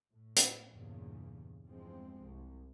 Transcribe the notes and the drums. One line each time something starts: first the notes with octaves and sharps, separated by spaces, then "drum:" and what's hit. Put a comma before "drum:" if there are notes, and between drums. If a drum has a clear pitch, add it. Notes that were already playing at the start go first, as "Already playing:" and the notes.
A2
drum: hi-hat
E2 G2 A#2 C#3
E2 G2 F3 G#3 C4
C2